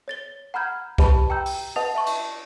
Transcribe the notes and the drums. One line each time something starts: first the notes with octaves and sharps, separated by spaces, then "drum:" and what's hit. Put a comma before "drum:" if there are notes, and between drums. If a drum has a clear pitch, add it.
C#5 A6 G7
F#5 A#5 B5 F6 G6 G#6
G4 B4 D#5 A5 B5, drum: kick C2
G5 A#5 E6 G6
drum: open hi-hat
B4 D#5 F#5 A5 D#6 F7
E5 A5 C#6
drum: cymbal